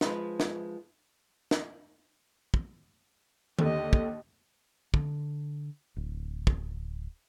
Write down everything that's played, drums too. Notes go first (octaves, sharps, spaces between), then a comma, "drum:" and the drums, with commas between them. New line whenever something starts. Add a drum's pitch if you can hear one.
F3 G#3 B4, drum: snare
drum: snare
drum: snare
drum: kick
D#2 D3 G4 D#5, drum: tom D#3
drum: kick
D3, drum: kick
D1
drum: kick